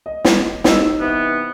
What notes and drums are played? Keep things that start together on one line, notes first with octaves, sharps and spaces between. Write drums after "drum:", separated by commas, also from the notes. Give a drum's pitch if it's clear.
D#5
drum: snare
D#2 D#4 D#5 E6, drum: snare
C3 E3 B3